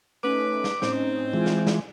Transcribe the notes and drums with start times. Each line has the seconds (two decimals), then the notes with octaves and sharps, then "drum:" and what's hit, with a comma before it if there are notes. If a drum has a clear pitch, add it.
0.23 A3 C#4 D#4 B4 D6
0.64 drum: snare
0.82 A2 C4 C#4 D#4, drum: snare
1.33 E3 G#3 F4 G#5
1.46 drum: snare
1.67 drum: snare